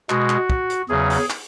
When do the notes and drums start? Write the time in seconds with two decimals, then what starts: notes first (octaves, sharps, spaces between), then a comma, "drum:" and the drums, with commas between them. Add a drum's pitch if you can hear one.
0.10 B2 G#3 F#4, drum: clap
0.30 drum: clap
0.50 drum: kick
0.70 drum: hi-hat
0.89 E2 C#3 F#3 G#4
1.10 drum: open hi-hat
1.30 drum: clap